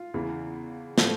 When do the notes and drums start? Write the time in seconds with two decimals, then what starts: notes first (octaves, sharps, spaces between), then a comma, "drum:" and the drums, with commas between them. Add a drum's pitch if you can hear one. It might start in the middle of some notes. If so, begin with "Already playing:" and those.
Already playing: F4
0.14 E2 C#3 E3
0.98 A2 F3 A3 C4, drum: snare